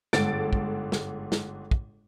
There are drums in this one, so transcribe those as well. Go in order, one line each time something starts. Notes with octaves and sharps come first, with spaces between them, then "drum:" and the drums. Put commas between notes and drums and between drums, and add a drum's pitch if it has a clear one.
G1 G#2 A4 A6 D7, drum: snare
drum: kick
drum: snare
drum: snare
drum: kick